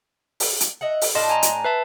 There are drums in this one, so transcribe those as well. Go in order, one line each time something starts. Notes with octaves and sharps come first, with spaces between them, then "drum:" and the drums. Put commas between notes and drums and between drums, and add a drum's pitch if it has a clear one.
drum: open hi-hat
drum: hi-hat
D#5 E5 F#5
drum: open hi-hat
A2 D4 D#5 F5 C6
G#5 A#5
drum: hi-hat
B4 E5 A5